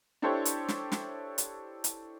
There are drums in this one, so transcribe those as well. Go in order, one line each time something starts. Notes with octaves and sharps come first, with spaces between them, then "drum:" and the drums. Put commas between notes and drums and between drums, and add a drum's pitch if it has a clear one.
D4 E4 G4 A4 C5 C#5
drum: hi-hat
drum: snare
drum: snare
drum: hi-hat
drum: hi-hat